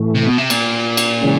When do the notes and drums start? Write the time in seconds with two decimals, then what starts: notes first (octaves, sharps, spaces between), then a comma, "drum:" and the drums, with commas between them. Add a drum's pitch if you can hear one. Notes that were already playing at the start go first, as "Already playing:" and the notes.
Already playing: A2 E3 A3
0.15 C3
0.26 B2
0.38 C3
0.50 A#2, drum: cymbal
0.97 drum: cymbal
1.21 C#3 E3 G#3 C#4